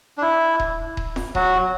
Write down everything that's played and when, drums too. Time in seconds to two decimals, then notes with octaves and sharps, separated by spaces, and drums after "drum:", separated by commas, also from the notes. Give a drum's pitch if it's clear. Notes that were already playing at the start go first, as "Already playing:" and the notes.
0.18 D4
0.22 E4
0.60 drum: kick D#1
0.97 drum: kick D#1
1.16 drum: snare
1.35 F#3 F#4, drum: kick D#1